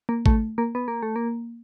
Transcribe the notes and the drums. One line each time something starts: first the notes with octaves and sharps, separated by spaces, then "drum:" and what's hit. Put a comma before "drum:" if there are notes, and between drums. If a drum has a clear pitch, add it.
A#3
A3, drum: kick A1
A#3
B3
A#3
A3
A#3